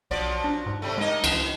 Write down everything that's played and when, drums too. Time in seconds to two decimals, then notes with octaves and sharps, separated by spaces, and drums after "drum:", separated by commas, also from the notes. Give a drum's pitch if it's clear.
0.11 B1 F3 F#3 D5
0.44 D4
0.66 G#2
0.82 C3 G3 A3
0.98 G#3 A#3 D#4 D#5
1.24 C#2 E3, drum: cymbal